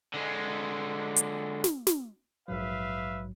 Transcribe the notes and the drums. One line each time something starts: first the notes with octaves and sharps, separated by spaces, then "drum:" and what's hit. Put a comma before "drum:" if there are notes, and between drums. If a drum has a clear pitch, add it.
D3 G#3
drum: hi-hat
drum: snare
drum: snare
A#1 G#2 F#3 B4 E5 F5